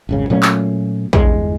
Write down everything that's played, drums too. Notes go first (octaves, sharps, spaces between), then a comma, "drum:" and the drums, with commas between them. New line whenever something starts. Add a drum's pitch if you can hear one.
D#1 G#1 C#3
A#2 F#3 A3 C#4
drum: clap
G1 E2 G#3, drum: kick